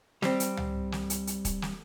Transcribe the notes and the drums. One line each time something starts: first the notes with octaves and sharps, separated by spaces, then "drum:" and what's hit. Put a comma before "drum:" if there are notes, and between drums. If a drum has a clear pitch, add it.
G3 C4, drum: snare
drum: hi-hat
drum: tom C#2
drum: snare
drum: hi-hat
drum: hi-hat
drum: kick, hi-hat
drum: snare